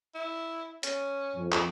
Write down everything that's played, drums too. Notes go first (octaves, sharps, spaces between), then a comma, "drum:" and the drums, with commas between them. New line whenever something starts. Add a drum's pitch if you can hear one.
E4
C#4, drum: hi-hat
F2
drum: clap